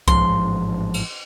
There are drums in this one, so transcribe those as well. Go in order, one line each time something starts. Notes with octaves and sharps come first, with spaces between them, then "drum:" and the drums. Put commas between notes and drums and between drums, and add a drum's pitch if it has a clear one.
A1 G#2 F3 C6, drum: kick C2
drum: cymbal